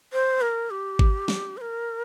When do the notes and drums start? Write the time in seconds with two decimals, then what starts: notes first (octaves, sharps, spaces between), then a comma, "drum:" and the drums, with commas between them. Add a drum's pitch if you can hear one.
0.13 C5
0.41 A#4
0.71 G4
0.99 drum: kick G#1
1.28 drum: snare
1.57 C5
1.61 A#4